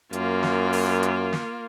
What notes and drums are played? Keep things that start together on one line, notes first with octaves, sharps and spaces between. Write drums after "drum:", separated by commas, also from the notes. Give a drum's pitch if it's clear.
F#2 A#3 F4, drum: hi-hat
drum: snare
drum: open hi-hat
drum: hi-hat
drum: snare